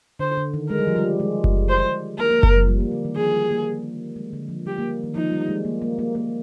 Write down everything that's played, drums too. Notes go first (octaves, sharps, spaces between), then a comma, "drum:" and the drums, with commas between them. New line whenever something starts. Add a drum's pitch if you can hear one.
D3 C5
D3
D#3
G#3 A#4
G3
F3
G3
G#3
drum: kick F#1
C5
A#3 A#4
A#3
drum: kick F#1
F3
G3
A#3
D3
D#3
F3 G#4
G3
A#3
G#3
D3
F3
G3 G4
A#3
D#3
F3 D#4
G3
G#3
A#3
A#3
A#3
A#3